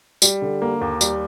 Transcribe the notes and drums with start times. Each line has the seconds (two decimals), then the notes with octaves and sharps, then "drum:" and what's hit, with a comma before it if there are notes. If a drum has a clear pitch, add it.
0.22 G3, drum: tambourine
0.42 D3
0.62 A#3
0.81 D#2
1.01 G3, drum: tambourine